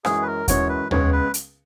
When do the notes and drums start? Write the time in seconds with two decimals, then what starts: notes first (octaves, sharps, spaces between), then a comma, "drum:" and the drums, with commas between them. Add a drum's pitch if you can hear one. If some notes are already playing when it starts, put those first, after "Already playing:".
0.05 F#2 E3 G#3 C#4 F#4 G#4, drum: rim click
0.23 B4
0.27 A#4
0.48 F#2 E3 G#3 C#4 F#4 C#5, drum: kick D#2, hi-hat
0.69 B4
0.91 C#2 C#3 G#3 B3 C#5, drum: tom D#2
1.12 B4
1.34 drum: hi-hat